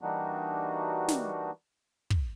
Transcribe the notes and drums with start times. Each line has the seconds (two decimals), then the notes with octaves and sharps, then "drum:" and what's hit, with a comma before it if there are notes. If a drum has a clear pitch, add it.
0.01 E3 G3 A#3 D4 D#4 F#4
1.08 drum: snare
2.10 drum: kick